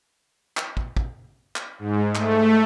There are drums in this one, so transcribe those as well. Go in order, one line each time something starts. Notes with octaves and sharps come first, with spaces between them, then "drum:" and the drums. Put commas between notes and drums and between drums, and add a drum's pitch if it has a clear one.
drum: clap
drum: kick
drum: kick
drum: clap
G#2
A3, drum: clap